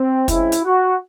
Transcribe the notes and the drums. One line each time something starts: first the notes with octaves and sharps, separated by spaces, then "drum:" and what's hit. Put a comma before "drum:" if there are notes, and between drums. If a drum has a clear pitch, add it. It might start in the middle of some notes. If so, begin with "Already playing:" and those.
Already playing: C4
C#3 G#3 C4 E4, drum: kick, hi-hat
drum: hi-hat
F#4